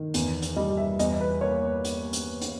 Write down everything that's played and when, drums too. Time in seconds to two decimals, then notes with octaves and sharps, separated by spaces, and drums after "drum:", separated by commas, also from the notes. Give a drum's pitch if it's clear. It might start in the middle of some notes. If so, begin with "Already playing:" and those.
Already playing: D#3
0.14 E2, drum: hi-hat
0.42 drum: hi-hat
0.56 G3 D#5
0.77 E5
0.99 E2 D#5, drum: hi-hat
1.21 B4
1.41 A#3 C#5
1.84 drum: hi-hat
2.13 drum: hi-hat
2.41 drum: hi-hat